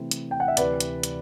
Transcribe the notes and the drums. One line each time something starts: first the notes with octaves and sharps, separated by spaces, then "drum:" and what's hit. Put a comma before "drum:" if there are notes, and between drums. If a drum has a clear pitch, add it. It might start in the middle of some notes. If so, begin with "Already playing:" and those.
Already playing: C3 E3 A3 C4 E4
drum: hi-hat
G5
F#5
E5
D2 C3 E3 B4 D5, drum: hi-hat
drum: hi-hat
drum: hi-hat